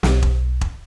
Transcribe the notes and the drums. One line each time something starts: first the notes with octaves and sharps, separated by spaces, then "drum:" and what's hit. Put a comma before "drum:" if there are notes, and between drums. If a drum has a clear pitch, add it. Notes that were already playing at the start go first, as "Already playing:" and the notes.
B1, drum: snare
drum: kick E1
drum: kick E1